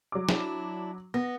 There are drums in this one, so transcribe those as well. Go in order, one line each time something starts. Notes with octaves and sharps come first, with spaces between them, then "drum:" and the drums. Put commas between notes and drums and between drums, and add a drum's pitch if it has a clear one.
F#3 D6
D4 E4, drum: snare
B3 A#6